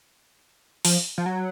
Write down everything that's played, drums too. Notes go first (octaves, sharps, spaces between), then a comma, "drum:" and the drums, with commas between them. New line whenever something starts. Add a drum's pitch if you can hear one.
F3, drum: open hi-hat
F3
F#3